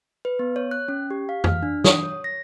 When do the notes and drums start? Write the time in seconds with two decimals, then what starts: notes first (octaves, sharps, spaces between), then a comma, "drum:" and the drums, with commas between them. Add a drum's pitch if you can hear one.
0.25 B4
0.39 B3
0.56 C#5
0.71 F#6
0.88 C#4
1.11 G4
1.29 F5
1.44 F6, drum: tom F2
1.63 D4
1.84 D#6, drum: snare
2.03 C#5
2.24 A#6